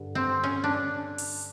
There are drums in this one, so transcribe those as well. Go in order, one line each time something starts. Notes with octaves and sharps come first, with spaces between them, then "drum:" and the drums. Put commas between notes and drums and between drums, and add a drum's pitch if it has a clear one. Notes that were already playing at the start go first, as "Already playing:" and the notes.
Already playing: G2 D3
C4
C#4
D4
drum: open hi-hat